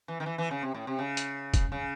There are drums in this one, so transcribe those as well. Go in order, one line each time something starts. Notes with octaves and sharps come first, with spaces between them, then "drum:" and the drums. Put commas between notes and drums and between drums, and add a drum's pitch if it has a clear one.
E3
D#3
E3
E3
C#3
C3
A2
C3
C#3
drum: hi-hat
drum: kick, hi-hat
C#3